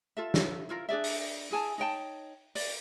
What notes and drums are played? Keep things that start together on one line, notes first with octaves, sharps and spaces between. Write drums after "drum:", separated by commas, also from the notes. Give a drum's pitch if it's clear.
F4 A4 E5
drum: snare
E4 F4 A#4
D4 G#4 D5 E5
drum: open hi-hat
E4 G#4 G#5 A5
D#4 C#5 G5 A5
D5, drum: open hi-hat